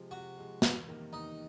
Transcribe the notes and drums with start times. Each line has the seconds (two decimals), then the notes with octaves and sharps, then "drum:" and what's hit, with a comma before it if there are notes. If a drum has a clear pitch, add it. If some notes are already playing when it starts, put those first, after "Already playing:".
Already playing: C3 F3 G#3
0.11 C3 F#4
0.37 F3 G#3
0.62 E2, drum: snare
0.88 C3 D#3 G3 A#3
1.13 E2 D#4